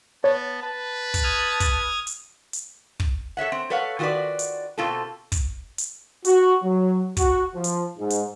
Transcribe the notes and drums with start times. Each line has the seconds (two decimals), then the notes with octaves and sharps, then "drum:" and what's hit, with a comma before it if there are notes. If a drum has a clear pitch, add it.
0.24 B3 C#5 A5
0.63 B4 A5
1.14 drum: kick, hi-hat
1.23 D#6 F6 G#6
1.60 drum: kick, hi-hat
2.07 drum: hi-hat
2.53 drum: hi-hat
3.00 drum: kick
3.37 A4 C#5 E5 F#5
3.52 C4
3.70 A4 B4 C#5 F5 F#5
3.99 D#3 F4 F#4 A#4 B4 D5
4.39 drum: hi-hat
4.78 B2 C4 F4 G4 A4
5.32 drum: kick, hi-hat
5.78 drum: hi-hat
6.25 F#4, drum: hi-hat
6.62 F#3
7.17 F#4, drum: kick, hi-hat
7.54 F3
7.64 drum: hi-hat
7.98 G#2
8.10 drum: hi-hat